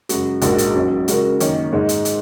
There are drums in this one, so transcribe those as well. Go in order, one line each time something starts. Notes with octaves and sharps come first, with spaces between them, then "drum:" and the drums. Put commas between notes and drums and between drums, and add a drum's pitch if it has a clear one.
F#2 C#3 G#3 F#4, drum: hi-hat
A#1 G#2 G#3 F#4 A#4, drum: hi-hat
drum: hi-hat
G#1 F#2 F#3 C#4
C#3 G#3 F#4 A#4, drum: hi-hat
F#2 D#3 A#3 C#4, drum: hi-hat
G#2 G#3 D#4
drum: hi-hat
drum: hi-hat